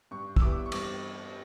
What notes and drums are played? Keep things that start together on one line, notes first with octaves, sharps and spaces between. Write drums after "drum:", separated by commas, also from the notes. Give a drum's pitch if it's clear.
G2 C#6
E6, drum: kick
E3 G3 B3 D6
C#6
G2 D6, drum: cymbal